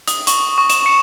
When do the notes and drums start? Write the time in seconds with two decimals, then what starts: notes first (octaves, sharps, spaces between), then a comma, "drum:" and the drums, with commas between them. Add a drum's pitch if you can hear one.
0.08 D#6, drum: hi-hat
0.27 C#6, drum: hi-hat
0.58 C#6
0.70 E7, drum: hi-hat
0.86 C#7